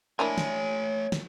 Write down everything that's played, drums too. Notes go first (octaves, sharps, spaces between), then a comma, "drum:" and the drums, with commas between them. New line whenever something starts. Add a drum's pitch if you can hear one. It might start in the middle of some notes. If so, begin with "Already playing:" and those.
A3 A#3 D4 E4 C#5 G#5
drum: snare
drum: snare